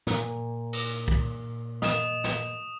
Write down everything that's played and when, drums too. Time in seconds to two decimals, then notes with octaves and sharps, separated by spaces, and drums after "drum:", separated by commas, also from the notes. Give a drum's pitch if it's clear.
0.07 A#2, drum: snare
0.73 drum: cymbal
1.08 drum: kick
1.82 D#5 D#6 E7, drum: snare
2.24 drum: snare